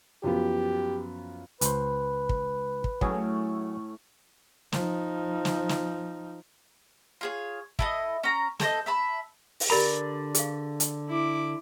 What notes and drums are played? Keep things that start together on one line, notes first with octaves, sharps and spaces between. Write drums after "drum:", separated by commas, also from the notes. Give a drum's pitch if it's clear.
F#2 F3 B3 G4
C#2 B4 C5, drum: hi-hat
drum: kick
drum: kick
A2 F#3 A3 C#4 G#4, drum: kick
F3 D#4, drum: snare
drum: snare
drum: snare
F4 G#4 C#5
E4 A4 D#5, drum: kick
C#4 A#5
A4 C5 D5 D#5, drum: snare
E5 A5 B5
drum: open hi-hat
D3 G4 A#4 D5 A#5 B5
G#4 F5, drum: hi-hat
drum: hi-hat
E4 D6